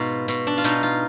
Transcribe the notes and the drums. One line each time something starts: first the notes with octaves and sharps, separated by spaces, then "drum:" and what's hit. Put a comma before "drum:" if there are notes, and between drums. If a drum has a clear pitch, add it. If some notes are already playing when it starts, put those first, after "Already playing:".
Already playing: G#2 B2 D#4 F4
B2, drum: tambourine
D4
F4
B2 D#4, drum: tambourine
F4